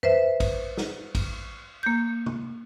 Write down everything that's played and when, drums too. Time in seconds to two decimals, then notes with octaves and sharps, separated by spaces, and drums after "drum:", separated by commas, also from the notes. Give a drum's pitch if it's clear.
0.03 B4 C5 E5, drum: tom F2
0.40 drum: kick, cymbal
0.77 drum: snare
1.15 drum: kick, cymbal
1.83 A#3 G6
2.26 drum: tom